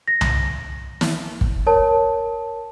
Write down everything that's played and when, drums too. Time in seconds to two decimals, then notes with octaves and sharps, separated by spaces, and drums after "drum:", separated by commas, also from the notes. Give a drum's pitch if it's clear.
0.08 A#6
0.21 drum: tom C2
1.01 drum: snare
1.41 drum: kick
1.67 A#4 C#5 A5